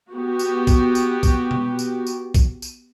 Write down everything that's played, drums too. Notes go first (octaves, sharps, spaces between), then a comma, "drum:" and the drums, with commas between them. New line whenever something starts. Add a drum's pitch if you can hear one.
B3 F#4 G4
drum: tambourine
drum: kick B1, tambourine
drum: tambourine
drum: kick B1, tambourine
drum: tom B2
drum: tambourine
drum: tambourine
drum: kick B1, tambourine
drum: tambourine